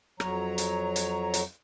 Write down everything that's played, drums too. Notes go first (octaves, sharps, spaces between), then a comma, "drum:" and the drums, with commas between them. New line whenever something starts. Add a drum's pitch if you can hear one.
F2 F#3 C#5 A#5, drum: rim click
drum: hi-hat
drum: hi-hat
drum: hi-hat